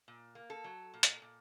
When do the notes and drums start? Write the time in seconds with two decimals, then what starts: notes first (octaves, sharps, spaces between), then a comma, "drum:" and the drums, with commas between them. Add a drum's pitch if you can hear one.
0.08 A#2
0.35 A#3
0.50 A4
0.64 F#3
0.94 A#2
1.03 drum: hi-hat
1.22 A#2